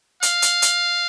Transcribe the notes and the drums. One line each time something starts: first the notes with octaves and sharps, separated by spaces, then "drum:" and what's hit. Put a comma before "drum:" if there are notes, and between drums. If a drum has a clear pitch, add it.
F5, drum: hi-hat
drum: hi-hat
drum: hi-hat